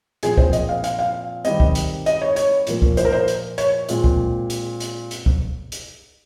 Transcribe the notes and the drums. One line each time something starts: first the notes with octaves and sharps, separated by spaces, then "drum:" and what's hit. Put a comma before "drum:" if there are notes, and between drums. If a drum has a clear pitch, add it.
A#2 F3 C4 G#4, drum: hi-hat
C5, drum: kick
D#5, drum: hi-hat
F5
F5, drum: hi-hat
F5
D#3 G3 C4 D#5, drum: hi-hat
drum: kick
drum: hi-hat
D#5, drum: hi-hat
C#5
C#5, drum: hi-hat
A#2 F3 A#3, drum: hi-hat
drum: kick
C5, drum: hi-hat
A#4
C5
drum: hi-hat
C#5, drum: hi-hat
A#2 G#3 C4, drum: hi-hat
drum: kick
drum: hi-hat
drum: hi-hat
drum: hi-hat
drum: kick
drum: hi-hat